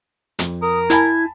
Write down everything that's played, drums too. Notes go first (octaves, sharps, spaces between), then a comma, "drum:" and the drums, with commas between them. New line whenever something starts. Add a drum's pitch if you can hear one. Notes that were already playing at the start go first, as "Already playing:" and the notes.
F2, drum: hi-hat
A#4 D#6
E4 G#5 A5 B5 G#6, drum: hi-hat